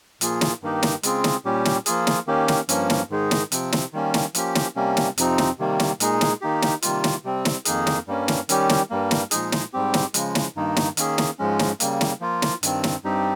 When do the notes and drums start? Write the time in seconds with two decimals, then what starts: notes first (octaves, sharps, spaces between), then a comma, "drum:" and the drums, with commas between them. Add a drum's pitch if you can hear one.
0.21 A#2 F3 A#3 F4 G#4, drum: hi-hat
0.41 drum: snare
0.62 G2 D#3 A#3 D#4 G4
0.83 drum: snare
1.03 C#3 G#3 C4 F4 G#4, drum: hi-hat
1.24 drum: snare
1.45 A#2 G3 C#4 G4
1.65 drum: snare
1.86 F3 A#3 F4 G#4, drum: hi-hat
2.07 drum: snare
2.27 D#3 A#3 C#4 G4
2.48 drum: snare
2.69 G2 F3 A#3 C#4, drum: hi-hat
2.90 drum: snare
3.10 G#2 D#3 G#3 D#4 G#4
3.31 drum: snare
3.52 C3 F3 C4, drum: hi-hat
3.72 drum: snare
3.93 D#3 G3 A#3 C#4
4.14 drum: snare
4.35 F3 A#3 C#4 G4, drum: hi-hat
4.55 drum: snare
4.76 C3 G3 A#3 C#4
4.97 drum: snare
5.18 F2 C3 F3 C4 D#4, drum: hi-hat
5.38 drum: snare
5.59 C3 D#3 G3 A#3
5.80 drum: snare
6.00 A#2 G#3 D#4 G#4, drum: hi-hat
6.21 drum: snare
6.41 D#3 A#3 D#4 G4
6.62 drum: snare
6.82 C3 D#3 G3 A#3 F4, drum: hi-hat
7.04 drum: snare
7.24 C3 G3 C4
7.45 drum: snare
7.65 F2 D#3 A#3 D#4 G#4, drum: hi-hat
7.87 drum: snare
8.08 G2 G3 A#3 C#4
8.28 drum: snare
8.49 D#3 G3 C#4 G4, drum: hi-hat
8.69 drum: snare
8.90 G2 G3 A#3
9.11 drum: snare
9.31 A#2 F3 G#3 D#4 G#4, drum: hi-hat
9.52 drum: snare
9.73 G#2 G3 C4 G4
9.94 drum: snare
10.14 C#3 F3 G#3, drum: hi-hat
10.35 drum: snare
10.56 G2 D#3 A#3 D#4
10.77 drum: snare
10.97 D#3 A#3 C#4 G#4, drum: hi-hat
11.18 drum: snare
11.39 G#2 F3 G#3 C#4
11.59 drum: snare
11.80 C#3 G3 A#3, drum: hi-hat
12.01 drum: snare
12.21 F3 A#3 F4
12.42 drum: snare
12.63 G2 D#3 G3 C4, drum: hi-hat
12.84 drum: snare
13.04 G2 G3 C4 D#4 G4